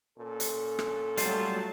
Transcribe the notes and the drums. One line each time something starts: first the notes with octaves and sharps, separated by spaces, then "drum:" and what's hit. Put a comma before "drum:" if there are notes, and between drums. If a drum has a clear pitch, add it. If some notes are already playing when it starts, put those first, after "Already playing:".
A#2 C#4 A4
drum: hi-hat
drum: rim click
F#3 G3 A3 F4 A5, drum: hi-hat